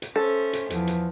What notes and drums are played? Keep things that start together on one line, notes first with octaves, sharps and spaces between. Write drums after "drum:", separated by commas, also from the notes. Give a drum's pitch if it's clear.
drum: hi-hat
C#4 A4 C5 E5
drum: hi-hat
E2 F3, drum: hi-hat
drum: hi-hat